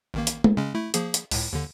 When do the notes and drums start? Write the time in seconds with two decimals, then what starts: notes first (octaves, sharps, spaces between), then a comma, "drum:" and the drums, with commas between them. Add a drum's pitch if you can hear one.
0.14 A1 D#3 A#3
0.27 drum: hi-hat
0.44 drum: tom G#3
0.57 C#3 G#3 C#4
0.75 A3 E4
0.94 F3 A#3 G#4, drum: hi-hat
1.14 drum: hi-hat
1.31 C#2 A2, drum: open hi-hat
1.53 D#2 D3